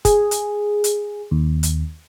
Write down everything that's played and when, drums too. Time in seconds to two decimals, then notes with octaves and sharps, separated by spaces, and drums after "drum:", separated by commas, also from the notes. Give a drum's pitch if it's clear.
0.05 G#4, drum: kick, hi-hat
0.31 drum: hi-hat
0.84 drum: hi-hat
1.31 D#2
1.63 drum: hi-hat